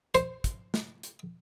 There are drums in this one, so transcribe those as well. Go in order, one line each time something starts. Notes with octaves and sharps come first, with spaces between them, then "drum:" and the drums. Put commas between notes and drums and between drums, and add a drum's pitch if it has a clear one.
C5, drum: hi-hat
drum: kick, hi-hat
drum: snare
drum: hi-hat